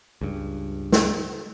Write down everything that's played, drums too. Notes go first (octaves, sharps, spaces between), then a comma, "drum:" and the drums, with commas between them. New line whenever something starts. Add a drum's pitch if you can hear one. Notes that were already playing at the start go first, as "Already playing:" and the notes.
C#2 G2
drum: snare